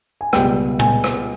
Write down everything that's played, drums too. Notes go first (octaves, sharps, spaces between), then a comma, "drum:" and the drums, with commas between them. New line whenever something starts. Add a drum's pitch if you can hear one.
G#5
C#2 B2 G3 G5, drum: rim click
G#5, drum: tom A#2
drum: rim click